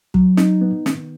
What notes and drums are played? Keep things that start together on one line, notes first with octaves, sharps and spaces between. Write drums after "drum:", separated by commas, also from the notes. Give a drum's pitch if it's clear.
F#3, drum: kick
D#4, drum: snare
B3
D#3, drum: snare